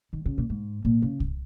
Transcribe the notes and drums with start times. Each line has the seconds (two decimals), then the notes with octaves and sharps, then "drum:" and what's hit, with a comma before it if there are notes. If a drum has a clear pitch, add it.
0.13 D#3
0.26 C#3
0.38 A#2
0.50 G#2
0.85 A#2
1.02 C#3
1.20 drum: kick C2